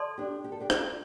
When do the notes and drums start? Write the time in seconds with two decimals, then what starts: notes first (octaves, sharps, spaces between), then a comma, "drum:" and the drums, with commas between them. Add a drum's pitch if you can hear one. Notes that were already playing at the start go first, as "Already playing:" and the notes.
Already playing: A4 D5 A5 C6
0.18 D4 G4
0.44 G4
0.52 A4
0.60 D4 G4
0.70 F4 A4, drum: rim click
0.87 D4